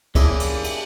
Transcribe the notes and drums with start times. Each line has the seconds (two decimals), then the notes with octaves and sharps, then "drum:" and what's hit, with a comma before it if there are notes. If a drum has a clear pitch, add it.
0.15 E3 A#3 C#4 D4 E4 G#4, drum: kick, cymbal
0.40 drum: cymbal
0.64 drum: cymbal